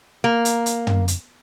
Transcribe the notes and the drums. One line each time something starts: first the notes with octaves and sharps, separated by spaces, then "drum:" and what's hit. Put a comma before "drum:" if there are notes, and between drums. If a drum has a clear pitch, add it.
A#3
drum: hi-hat
drum: hi-hat
drum: tom
drum: hi-hat